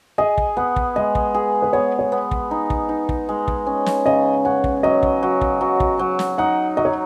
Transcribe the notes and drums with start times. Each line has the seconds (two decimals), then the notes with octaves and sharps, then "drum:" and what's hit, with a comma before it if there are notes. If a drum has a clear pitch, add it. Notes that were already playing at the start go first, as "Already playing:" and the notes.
0.18 G#4 D#5
0.38 drum: kick
0.57 B3 F#5
0.76 drum: kick
0.96 G#3 D#5
1.15 drum: kick
1.35 G#4
1.62 B4
1.73 B3 C#5
1.99 C#5
2.12 B3
2.31 drum: kick
2.51 D#4
2.70 drum: kick
2.89 D#4
3.09 drum: kick
3.29 G#3
3.48 drum: kick
3.66 C#4
3.86 drum: snare
4.06 C#3 D#5
4.45 C#4 F#5
4.64 drum: kick
4.83 F#3 D#5
5.03 drum: kick
5.23 F#3
5.41 drum: kick
5.61 F#3
5.80 drum: kick
5.99 F#3
6.19 drum: snare
6.38 D#4 F#5
6.77 F#3 D#5
6.85 C#5